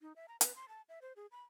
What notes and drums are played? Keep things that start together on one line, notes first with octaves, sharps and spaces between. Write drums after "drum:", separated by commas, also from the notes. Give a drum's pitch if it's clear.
D#4
E5
A#5
B4, drum: hi-hat
C6
A5
E5
C5
G#4
B5